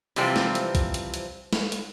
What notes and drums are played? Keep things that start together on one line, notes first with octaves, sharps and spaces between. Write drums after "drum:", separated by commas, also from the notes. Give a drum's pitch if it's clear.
C3 E3 F3 G3 C4, drum: open hi-hat
drum: snare
drum: hi-hat
drum: kick B1, hi-hat
drum: hi-hat
drum: hi-hat
drum: snare
drum: hi-hat